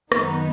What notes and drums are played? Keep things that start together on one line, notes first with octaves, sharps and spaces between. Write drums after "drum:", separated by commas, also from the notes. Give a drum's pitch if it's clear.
F#2 D#3 G#3 B3 D#4, drum: rim click